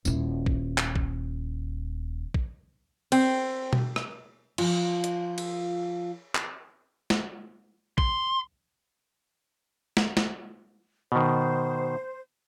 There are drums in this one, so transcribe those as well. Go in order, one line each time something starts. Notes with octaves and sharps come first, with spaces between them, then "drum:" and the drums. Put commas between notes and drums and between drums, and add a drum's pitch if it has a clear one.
D#1 E4, drum: tambourine
drum: kick
drum: clap
drum: kick
drum: kick
C4, drum: cymbal
drum: tom B2
drum: rim click
F3 F4, drum: cymbal
drum: hi-hat
drum: cymbal
drum: clap
drum: snare
C6, drum: kick
drum: snare
drum: snare
B2 D#3 C5